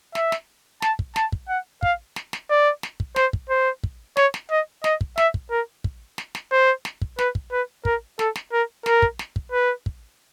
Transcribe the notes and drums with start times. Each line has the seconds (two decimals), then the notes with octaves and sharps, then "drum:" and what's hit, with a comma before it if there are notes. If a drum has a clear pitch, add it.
0.15 E5, drum: snare
0.32 drum: snare
0.82 A5, drum: snare
0.99 drum: kick
1.16 A5, drum: snare
1.33 drum: kick
1.49 F#5
1.83 F5, drum: kick
2.16 drum: snare
2.33 drum: snare
2.50 D5
2.83 drum: snare
3.00 drum: kick
3.16 C5, drum: snare
3.33 drum: kick
3.50 C5
3.84 drum: kick
4.17 C#5, drum: snare
4.34 drum: snare
4.51 D#5
4.84 D#5, drum: snare
5.01 drum: kick
5.18 E5, drum: snare
5.34 drum: kick
5.51 A#4
5.84 drum: kick
6.18 drum: snare
6.35 drum: snare
6.52 C5
6.85 drum: snare
7.02 drum: kick
7.19 B4, drum: snare
7.35 drum: kick
7.52 B4
7.85 A#4, drum: kick
8.19 A4, drum: snare
8.36 drum: snare
8.52 A#4
8.86 A#4, drum: snare
9.02 drum: kick
9.19 drum: snare
9.36 drum: kick
9.52 B4
9.86 drum: kick